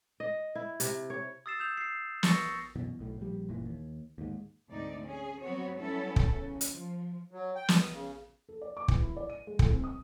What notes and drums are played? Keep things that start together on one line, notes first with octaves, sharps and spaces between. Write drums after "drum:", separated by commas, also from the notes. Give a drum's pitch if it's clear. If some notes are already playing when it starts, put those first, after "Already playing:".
D#5
E4
C3, drum: hi-hat
C#5
D#6 E6 A6 C7 E7
E6 G6 E7 F7
C7
C#6 E6 A6 A#6 C#7, drum: snare
F#2 B2 E3
B1 A2
A#1 G3
F#1 A#2 E3
D#2
D#2 G#2
D2 G#2 C3 D#4 D5
C#4 G#4
F#3 B3 C4 F#4 C#5
F#3 G3 B3 C#4 E4 A4
drum: kick
C#3
drum: hi-hat
F3
F#3
G5
D#6, drum: snare
C#3
A4
D5
D6
E2, drum: kick
E4
D5
D#7
G#3
A2, drum: kick
C4
D#6